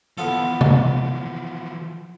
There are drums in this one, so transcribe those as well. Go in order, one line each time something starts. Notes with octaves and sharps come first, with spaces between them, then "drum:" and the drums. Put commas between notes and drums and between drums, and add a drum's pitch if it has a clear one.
E3 F3 B3 F4 A4
drum: tom C3